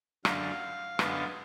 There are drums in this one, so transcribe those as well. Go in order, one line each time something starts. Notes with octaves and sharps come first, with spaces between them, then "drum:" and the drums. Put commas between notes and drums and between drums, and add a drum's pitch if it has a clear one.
F#2 D3 F#3 F5, drum: rim click
F#2 D3 G#3 B3, drum: rim click